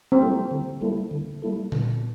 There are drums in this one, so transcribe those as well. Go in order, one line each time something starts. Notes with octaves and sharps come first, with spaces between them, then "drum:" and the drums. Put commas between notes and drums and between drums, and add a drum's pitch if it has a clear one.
C4
G3 A#3 E4 A4
D3
G3 A#3 E4 A4
D3
G3 A#3 E4 A4
D3, drum: tom A#2